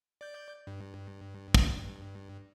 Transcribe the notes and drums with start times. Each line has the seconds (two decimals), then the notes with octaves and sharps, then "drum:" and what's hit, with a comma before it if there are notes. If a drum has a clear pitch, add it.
0.21 D5 G6
0.67 G2
1.55 drum: kick